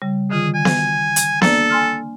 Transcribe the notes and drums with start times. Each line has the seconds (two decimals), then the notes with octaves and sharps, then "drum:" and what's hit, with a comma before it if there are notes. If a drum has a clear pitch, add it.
0.02 C#3 G3
0.30 D3 D#3 F4 G#4
0.55 G#5
0.65 drum: snare B3
1.16 drum: hi-hat
1.42 A#3 D4 A4 D5, drum: snare B3
1.70 G#5 C6 F6